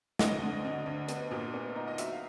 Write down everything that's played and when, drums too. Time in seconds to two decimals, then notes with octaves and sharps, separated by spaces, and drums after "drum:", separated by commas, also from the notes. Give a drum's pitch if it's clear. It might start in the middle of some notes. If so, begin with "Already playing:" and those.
0.19 D2 D#5, drum: snare
0.42 D3
0.65 D3
0.86 D2
1.08 B3, drum: hi-hat
1.31 A#2
1.54 B3
1.76 D#4
1.87 D#5
1.98 F#3 E5, drum: hi-hat
2.12 F5